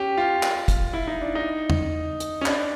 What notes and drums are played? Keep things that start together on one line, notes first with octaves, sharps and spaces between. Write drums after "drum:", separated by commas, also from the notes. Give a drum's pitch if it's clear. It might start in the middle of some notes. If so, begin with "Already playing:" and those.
Already playing: C#4 G4
F4
drum: clap
drum: kick, hi-hat
E4
D#4
D4
D#4
drum: tom
drum: hi-hat
C#4
D4, drum: clap